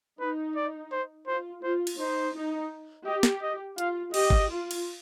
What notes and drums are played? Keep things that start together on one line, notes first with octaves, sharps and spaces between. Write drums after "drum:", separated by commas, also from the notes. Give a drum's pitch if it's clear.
D#4 B4
D5
C5
F4 C5
F4 C5
drum: cymbal
D#4 C5
D#4
G4 D#5
drum: snare
D#5
F4 F5, drum: hi-hat
G4 D#5, drum: cymbal
drum: kick
F4
drum: cymbal